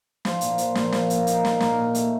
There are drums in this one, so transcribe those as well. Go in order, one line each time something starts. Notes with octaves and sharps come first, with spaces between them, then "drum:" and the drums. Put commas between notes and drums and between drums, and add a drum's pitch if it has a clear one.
F3, drum: snare
A#2, drum: hi-hat
F3, drum: hi-hat
A#2, drum: snare
F3, drum: snare
A#2, drum: hi-hat
D#4, drum: hi-hat
A#4, drum: snare
A#2, drum: snare
A#2
A3, drum: hi-hat